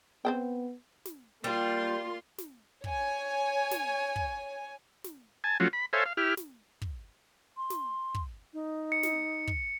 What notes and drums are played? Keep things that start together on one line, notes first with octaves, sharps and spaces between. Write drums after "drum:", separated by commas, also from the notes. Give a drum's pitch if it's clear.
B3 C4 C5 G5
drum: snare
G3 A#3 F4 C6
drum: snare
C#5 G#5, drum: kick
drum: snare
drum: kick
drum: snare
G#5 A5
F3 F#3 A3 C#4 F4 F#4
B5
A4 C5 C#5 E5 F5 G#5
F5
E4 G4 F6
drum: snare
drum: kick
C6
drum: snare
drum: kick
D#4
C#7
drum: snare
drum: kick